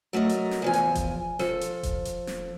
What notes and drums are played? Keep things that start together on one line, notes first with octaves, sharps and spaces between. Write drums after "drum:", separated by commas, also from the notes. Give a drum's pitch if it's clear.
F#3 A3 A#4 D#5
drum: hi-hat
drum: snare
E2 F3 G#5
drum: hi-hat
drum: kick E1, hi-hat
F3 A4, drum: snare
drum: hi-hat
drum: kick E1, hi-hat
drum: hi-hat
drum: snare